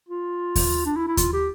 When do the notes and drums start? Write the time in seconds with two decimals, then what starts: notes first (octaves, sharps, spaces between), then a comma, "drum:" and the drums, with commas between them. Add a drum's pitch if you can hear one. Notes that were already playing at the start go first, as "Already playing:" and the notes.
0.09 F4
0.56 drum: kick D#2, open hi-hat
0.86 D4
0.97 E4
1.08 E4
1.17 F4, drum: kick D#2, hi-hat
1.33 G4